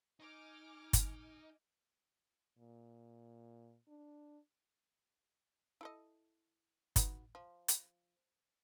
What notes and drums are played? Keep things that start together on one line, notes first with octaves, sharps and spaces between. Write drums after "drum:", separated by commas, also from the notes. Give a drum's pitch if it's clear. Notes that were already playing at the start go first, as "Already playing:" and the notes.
D#4 G#5 D6 F6
drum: kick G1, hi-hat
A#2
D4
E4 A4 D#5
D#4 F#4 B4, drum: kick G1, hi-hat
F3
drum: hi-hat